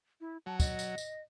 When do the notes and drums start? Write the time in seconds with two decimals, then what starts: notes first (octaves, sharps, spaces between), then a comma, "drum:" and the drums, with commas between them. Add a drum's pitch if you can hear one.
0.21 E4
0.46 F#3 A5
0.60 D#5, drum: kick, tambourine
0.79 drum: tambourine
0.98 drum: tambourine